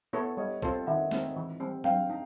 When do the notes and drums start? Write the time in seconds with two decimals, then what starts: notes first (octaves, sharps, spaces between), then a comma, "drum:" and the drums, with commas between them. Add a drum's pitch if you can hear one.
0.13 B3 E4 A4 C#5
0.37 G3 C#5 D#5
0.62 C4 F4 A4 C5, drum: kick
0.87 D#3 E5 F#5
1.11 G#3 C4 D#4, drum: snare
1.36 E3
1.60 G3 C4
1.84 C4 F5 G5, drum: tom F#3
2.10 D#4